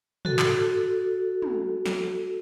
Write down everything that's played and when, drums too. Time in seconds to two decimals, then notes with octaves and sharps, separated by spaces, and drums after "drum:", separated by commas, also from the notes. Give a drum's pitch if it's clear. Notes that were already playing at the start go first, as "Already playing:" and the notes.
0.25 F#4 A4, drum: tom
0.39 drum: clap
1.42 drum: tom
1.86 drum: snare